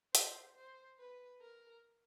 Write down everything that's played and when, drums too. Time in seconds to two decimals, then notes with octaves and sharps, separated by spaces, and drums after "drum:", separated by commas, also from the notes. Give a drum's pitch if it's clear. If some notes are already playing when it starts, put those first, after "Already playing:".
0.15 C5, drum: hi-hat
0.56 C5
0.99 B4
1.41 A#4